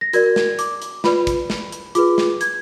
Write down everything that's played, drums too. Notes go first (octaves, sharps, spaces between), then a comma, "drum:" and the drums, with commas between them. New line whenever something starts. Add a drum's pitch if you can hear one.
A#6
F#4 A#4 D5 G#6, drum: hi-hat
drum: snare
D6, drum: hi-hat
drum: hi-hat
F4 B4 D5 B5, drum: snare
drum: kick, hi-hat
drum: snare
drum: hi-hat
F4 G#4 B4 D6, drum: hi-hat
drum: snare
G#6, drum: hi-hat